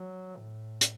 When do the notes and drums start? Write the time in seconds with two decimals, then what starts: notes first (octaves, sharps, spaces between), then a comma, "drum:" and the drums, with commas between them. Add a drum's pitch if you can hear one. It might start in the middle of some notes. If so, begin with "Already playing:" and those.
Already playing: F#3
0.37 A2
0.81 drum: hi-hat